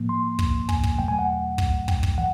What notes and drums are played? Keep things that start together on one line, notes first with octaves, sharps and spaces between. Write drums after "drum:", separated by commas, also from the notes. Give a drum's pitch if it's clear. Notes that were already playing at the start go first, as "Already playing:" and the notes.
Already playing: A2 F3 A#3
C6
drum: kick
G#5, drum: kick
drum: kick
E2 B2 F#3 A3 G5
G#5
F#5
drum: kick
G5, drum: kick
drum: kick
E3 F#5